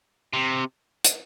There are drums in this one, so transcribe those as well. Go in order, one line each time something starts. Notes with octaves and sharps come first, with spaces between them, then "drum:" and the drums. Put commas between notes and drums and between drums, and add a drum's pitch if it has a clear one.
C3
drum: hi-hat